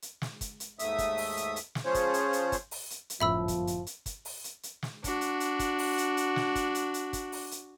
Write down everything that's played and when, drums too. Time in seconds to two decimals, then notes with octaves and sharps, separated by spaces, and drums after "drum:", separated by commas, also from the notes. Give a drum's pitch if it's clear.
0.02 drum: hi-hat
0.22 drum: snare
0.41 drum: kick, hi-hat
0.60 drum: hi-hat
0.79 D#2 G#2 A3 E5 D#6, drum: hi-hat
0.98 drum: kick, hi-hat
1.18 drum: open hi-hat
1.37 drum: hi-hat
1.56 drum: hi-hat
1.75 drum: snare
1.85 F3 C#4 F4 G#4 C5 C#5
1.94 drum: kick, hi-hat
2.14 drum: hi-hat
2.33 drum: hi-hat
2.52 drum: kick, hi-hat
2.71 drum: open hi-hat
2.90 drum: hi-hat
3.10 drum: hi-hat
3.20 G1 F#2 A2 F3 E5 B5 E6
3.48 drum: kick, hi-hat
3.67 drum: hi-hat
3.87 drum: hi-hat
4.06 drum: kick, hi-hat
4.25 drum: open hi-hat
4.44 drum: hi-hat
4.63 drum: hi-hat
4.83 drum: snare
5.04 D4 F#4, drum: kick, hi-hat
5.21 drum: hi-hat
5.40 drum: hi-hat
5.59 drum: kick, hi-hat
5.79 drum: open hi-hat
5.98 drum: hi-hat
6.17 drum: hi-hat
6.36 drum: snare
6.55 drum: kick, hi-hat
6.75 drum: hi-hat
6.94 drum: hi-hat
7.13 drum: kick, hi-hat
7.32 drum: open hi-hat
7.51 drum: hi-hat